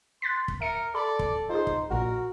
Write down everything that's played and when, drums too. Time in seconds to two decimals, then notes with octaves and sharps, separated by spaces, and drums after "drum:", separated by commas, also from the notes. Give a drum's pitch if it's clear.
0.22 C6 F#6 A6 B6
0.48 drum: kick
0.61 A#4 E5 C#7
0.95 A4 D5 B5
1.19 drum: kick
1.50 D#4 F4 G#4 C5
1.67 drum: kick
1.90 A#1 A#2 F#4 A#4